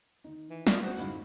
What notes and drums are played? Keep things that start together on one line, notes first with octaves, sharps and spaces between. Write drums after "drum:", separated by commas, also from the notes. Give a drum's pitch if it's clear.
D#3 D#4
E3
F4 D#6, drum: snare
F#4 C5
F2 G#2 C#3 E4